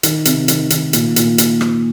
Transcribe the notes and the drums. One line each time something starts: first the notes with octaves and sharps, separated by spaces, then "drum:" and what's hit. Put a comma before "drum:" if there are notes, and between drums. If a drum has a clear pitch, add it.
D#3, drum: hi-hat
C3, drum: hi-hat
D#3, drum: hi-hat
D#3, drum: hi-hat
A#2, drum: hi-hat
A#2, drum: hi-hat
drum: hi-hat
drum: rim click